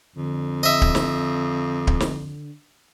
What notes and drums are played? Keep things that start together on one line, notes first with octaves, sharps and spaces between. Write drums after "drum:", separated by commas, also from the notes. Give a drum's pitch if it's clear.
F2 D3
D#5 E5
drum: kick D1
drum: snare
drum: kick D1
drum: snare